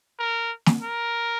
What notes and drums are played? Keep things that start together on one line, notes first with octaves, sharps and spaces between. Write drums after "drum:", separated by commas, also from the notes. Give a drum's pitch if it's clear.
A#4
drum: snare
A#4